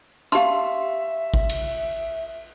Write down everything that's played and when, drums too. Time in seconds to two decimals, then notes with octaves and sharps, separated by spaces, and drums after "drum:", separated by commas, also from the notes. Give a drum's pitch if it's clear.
0.32 G4 E5 F5 A5 C6, drum: hi-hat
1.34 drum: kick G#1
1.50 drum: cymbal